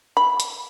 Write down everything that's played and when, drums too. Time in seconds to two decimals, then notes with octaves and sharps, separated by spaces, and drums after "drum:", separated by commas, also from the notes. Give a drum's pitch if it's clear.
0.17 B5
0.40 drum: hi-hat